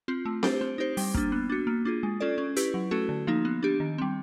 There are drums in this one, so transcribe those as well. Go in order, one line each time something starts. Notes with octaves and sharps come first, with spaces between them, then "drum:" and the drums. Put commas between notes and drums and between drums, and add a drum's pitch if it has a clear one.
C4 F4
A3
D4 G4 C5, drum: snare C4
C4
D#4 G4 C5
G3, drum: open hi-hat
A#3 D4, drum: kick
B3
D4 F#4
A#3
D4 F4 G#4
G#3
C#4 F4 A4 D5
C#4
E4 G4 B4, drum: hi-hat
F#3
A3 C#4 F#4 A4
D3
F3 A#3 D#4
B3
D4 G4
D#3
G3 C4